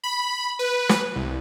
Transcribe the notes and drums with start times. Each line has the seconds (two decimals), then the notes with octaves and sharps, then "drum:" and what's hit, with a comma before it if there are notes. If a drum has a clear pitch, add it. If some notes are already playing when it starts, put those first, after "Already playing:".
0.04 B5
0.59 B4
0.89 drum: snare
1.16 C2